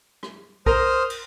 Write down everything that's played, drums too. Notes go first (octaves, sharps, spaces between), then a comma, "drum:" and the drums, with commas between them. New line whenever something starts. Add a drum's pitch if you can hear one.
drum: rim click
A#4 C5 D#6 F6, drum: kick B1
drum: cymbal